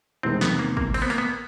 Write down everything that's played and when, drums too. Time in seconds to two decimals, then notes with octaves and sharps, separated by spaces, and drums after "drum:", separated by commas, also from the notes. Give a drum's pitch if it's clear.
0.23 E2 C3 D#3 G#3 C4
0.41 B3, drum: snare
0.59 A#3
0.77 A#3, drum: kick
0.94 C4, drum: cymbal
1.02 B3
1.10 A#3, drum: tambourine
1.18 B3